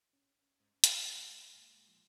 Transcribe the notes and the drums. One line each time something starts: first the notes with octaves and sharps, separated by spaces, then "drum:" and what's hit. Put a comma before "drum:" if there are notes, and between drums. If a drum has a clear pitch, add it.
C#4
G#2
G#2, drum: hi-hat
G#3
A#2
G#3
F3